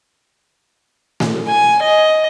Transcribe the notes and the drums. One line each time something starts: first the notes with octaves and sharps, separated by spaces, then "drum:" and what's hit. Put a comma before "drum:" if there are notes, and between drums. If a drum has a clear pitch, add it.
drum: snare A3
G#5
D#5